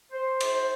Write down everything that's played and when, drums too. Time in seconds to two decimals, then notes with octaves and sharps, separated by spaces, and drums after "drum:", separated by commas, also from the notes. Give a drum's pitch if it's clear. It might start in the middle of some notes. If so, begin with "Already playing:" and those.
0.12 C5
0.41 drum: cymbal